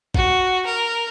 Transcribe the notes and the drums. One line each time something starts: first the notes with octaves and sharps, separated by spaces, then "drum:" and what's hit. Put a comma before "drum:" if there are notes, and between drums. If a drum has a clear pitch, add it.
F#4, drum: kick G#1
A#4